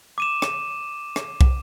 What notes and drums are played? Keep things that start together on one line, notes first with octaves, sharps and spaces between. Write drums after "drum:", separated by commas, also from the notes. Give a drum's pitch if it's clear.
D6 D#7 E7
drum: rim click
drum: rim click
drum: kick